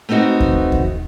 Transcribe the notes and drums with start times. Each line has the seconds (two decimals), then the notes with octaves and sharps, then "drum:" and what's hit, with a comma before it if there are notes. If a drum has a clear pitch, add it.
0.09 A3 B3 C4 D#4 F#4
0.40 drum: kick D#2
0.72 drum: kick D#2